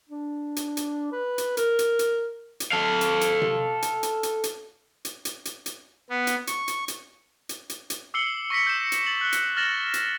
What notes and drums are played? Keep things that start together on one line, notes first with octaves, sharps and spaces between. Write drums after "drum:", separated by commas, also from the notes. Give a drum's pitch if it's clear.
D4
drum: hi-hat
drum: hi-hat
B4
drum: hi-hat
A#4, drum: hi-hat
drum: hi-hat
drum: hi-hat
drum: hi-hat
A4 F5
drum: hi-hat
drum: hi-hat
drum: tom C3
drum: hi-hat
drum: hi-hat
drum: hi-hat
drum: hi-hat
drum: hi-hat
drum: hi-hat
drum: hi-hat
drum: hi-hat
B3
drum: hi-hat
C#6, drum: hi-hat
drum: hi-hat
drum: hi-hat
drum: hi-hat
drum: hi-hat
drum: hi-hat
D6 E6 C7 C#7 F#7 G7
C#6 A#6 B6 C#7
G6 E7
drum: hi-hat
A6 F#7
F#6 G7
drum: hi-hat
F6 A6 A#6 E7 F#7
drum: hi-hat